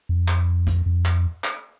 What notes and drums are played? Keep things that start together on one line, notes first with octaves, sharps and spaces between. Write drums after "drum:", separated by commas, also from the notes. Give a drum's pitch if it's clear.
F2
drum: clap
drum: kick, hi-hat
F2
drum: clap
drum: clap